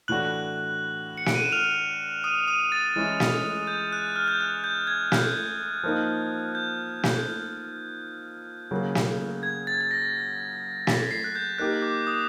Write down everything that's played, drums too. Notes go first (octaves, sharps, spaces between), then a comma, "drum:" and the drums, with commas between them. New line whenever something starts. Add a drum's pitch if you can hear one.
A2 E3 A3 D4 F#4 F#6 F#7
C#7
D7, drum: snare
D#7
E7
F6 F7
D#6 D#7
D#6 D#7
A6
E3 G#3 C#4 E4 G#4
drum: snare
G6
F#6
F6
G6
F#6
G6
G#6
F#6, drum: snare
F3 A#3 D#4
G6
drum: snare
C#3 F#3 A#3
drum: snare
G#6
A6
G#6
A6
A#6
B6, drum: snare
C7
F#6
G6
A#3 D#4 G4 A#4 F#6
D6
D#6